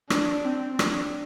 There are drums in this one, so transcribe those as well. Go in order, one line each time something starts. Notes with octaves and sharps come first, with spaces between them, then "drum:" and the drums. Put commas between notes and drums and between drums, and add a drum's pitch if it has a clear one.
D4, drum: rim click
C4
D4, drum: rim click